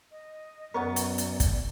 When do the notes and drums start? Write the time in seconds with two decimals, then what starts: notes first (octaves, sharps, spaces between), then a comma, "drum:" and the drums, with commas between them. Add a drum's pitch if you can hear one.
0.11 D#5
0.75 F#2 B3 A#4 C#5 D5 F#5
0.96 drum: hi-hat
1.18 drum: hi-hat
1.40 drum: kick, hi-hat